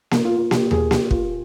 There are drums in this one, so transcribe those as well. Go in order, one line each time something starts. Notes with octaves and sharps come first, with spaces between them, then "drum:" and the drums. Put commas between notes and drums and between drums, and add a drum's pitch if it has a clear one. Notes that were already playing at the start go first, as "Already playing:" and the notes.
A#3, drum: snare A#3
F4
F4
G4, drum: snare A#3
G#4, drum: tom D#2
G4, drum: snare A#3
F4, drum: kick